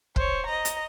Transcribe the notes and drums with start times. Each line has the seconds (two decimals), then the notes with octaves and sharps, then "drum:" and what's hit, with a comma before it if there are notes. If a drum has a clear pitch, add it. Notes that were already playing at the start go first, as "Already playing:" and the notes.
0.16 C5 C#5, drum: kick
0.46 D#5 A#5
0.65 drum: hi-hat